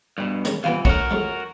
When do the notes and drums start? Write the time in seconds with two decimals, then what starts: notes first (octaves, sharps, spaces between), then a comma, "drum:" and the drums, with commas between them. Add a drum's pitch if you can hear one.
0.18 G2 B2
0.45 D#3 G#3 C#4, drum: hi-hat
0.64 C2 E3 B3 F4 F5
0.85 A2 C#4 D#4 F#4 A#4, drum: kick
1.11 F2 A2 G#3